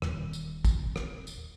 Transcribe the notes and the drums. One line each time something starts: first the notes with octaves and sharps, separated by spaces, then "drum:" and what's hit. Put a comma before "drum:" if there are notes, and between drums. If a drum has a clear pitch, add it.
D#1, drum: rim click
drum: tambourine
drum: kick, tambourine
drum: rim click
drum: tambourine